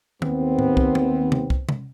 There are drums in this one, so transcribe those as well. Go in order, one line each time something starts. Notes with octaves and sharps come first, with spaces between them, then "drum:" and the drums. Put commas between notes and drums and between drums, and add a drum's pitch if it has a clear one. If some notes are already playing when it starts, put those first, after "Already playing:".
D#2 B3 C4, drum: tom
drum: tom A2
drum: kick
drum: tom
drum: tom C3
drum: kick
drum: tom C3